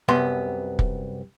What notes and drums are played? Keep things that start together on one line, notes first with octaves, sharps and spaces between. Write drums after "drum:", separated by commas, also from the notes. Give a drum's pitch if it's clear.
C2 F#2 B3 C6
drum: kick